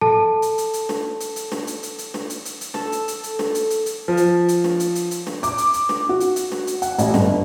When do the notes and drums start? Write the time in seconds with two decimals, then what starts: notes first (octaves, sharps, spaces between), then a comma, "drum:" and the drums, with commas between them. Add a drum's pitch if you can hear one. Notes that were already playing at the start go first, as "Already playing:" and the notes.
0.01 A4 A5
0.42 drum: hi-hat
0.58 drum: hi-hat
0.73 drum: hi-hat
0.89 drum: snare
1.20 drum: hi-hat
1.36 drum: hi-hat
1.52 drum: snare
1.67 drum: hi-hat
1.83 drum: hi-hat
1.98 drum: hi-hat
2.14 drum: snare
2.30 drum: hi-hat
2.45 drum: hi-hat
2.61 drum: hi-hat
2.74 A4, drum: snare
2.92 drum: hi-hat
3.08 drum: hi-hat
3.23 drum: hi-hat
3.39 drum: snare
3.55 drum: hi-hat
3.70 drum: hi-hat
3.86 drum: hi-hat
4.08 F3
4.17 drum: hi-hat
4.48 drum: hi-hat
4.64 drum: snare
4.80 drum: hi-hat
4.95 drum: hi-hat
5.11 drum: hi-hat
5.27 drum: snare
5.43 D6, drum: hi-hat
5.58 drum: hi-hat
5.73 drum: hi-hat
5.89 drum: snare
6.09 F#4
6.20 drum: hi-hat
6.36 drum: hi-hat
6.52 drum: snare
6.67 drum: hi-hat
6.82 F#5, drum: hi-hat
6.98 A1, drum: hi-hat
7.14 G1, drum: snare